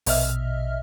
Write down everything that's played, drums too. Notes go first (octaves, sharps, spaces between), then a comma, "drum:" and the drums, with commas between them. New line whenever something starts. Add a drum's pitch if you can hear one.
A#1 B2 D#5 E5 F6, drum: open hi-hat